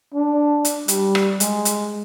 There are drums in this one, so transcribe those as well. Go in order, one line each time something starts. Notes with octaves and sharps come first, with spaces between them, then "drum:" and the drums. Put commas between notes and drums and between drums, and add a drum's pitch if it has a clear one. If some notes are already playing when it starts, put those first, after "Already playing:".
D4
drum: hi-hat
G3, drum: hi-hat
drum: rim click
G#3, drum: hi-hat
drum: hi-hat